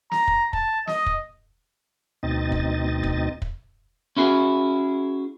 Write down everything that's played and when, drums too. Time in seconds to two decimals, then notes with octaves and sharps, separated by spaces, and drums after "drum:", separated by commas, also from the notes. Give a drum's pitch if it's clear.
0.11 A#5, drum: snare
0.28 drum: kick
0.53 A5, drum: kick
0.87 D#5, drum: snare
1.06 drum: kick
2.23 D2 B2 C4 D#4 D#5 A6
2.52 drum: kick
3.03 drum: kick
3.42 drum: kick
4.17 C#4 E4 F#4 G#4